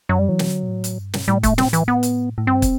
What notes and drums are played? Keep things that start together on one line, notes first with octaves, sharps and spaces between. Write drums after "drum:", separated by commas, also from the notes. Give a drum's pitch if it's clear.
F#2 F#3
G3
E3 F#3
drum: snare
D3
B2
A2
drum: hi-hat
G2
drum: snare
A2 G3
A3, drum: kick, hi-hat
C4, drum: snare
E3, drum: hi-hat
B3
drum: hi-hat
A2
G2 C4
drum: kick, hi-hat